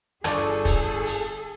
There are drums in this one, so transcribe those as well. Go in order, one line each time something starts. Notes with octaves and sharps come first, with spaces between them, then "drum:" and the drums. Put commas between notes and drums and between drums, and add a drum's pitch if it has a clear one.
G1 G#4 A4 D5 C#6, drum: rim click
drum: kick, hi-hat
drum: hi-hat